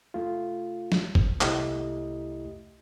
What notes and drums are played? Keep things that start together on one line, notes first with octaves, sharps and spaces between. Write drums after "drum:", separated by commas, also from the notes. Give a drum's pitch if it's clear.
A3 F4
drum: snare
drum: kick
C2 A3 E4 G4 D#5, drum: clap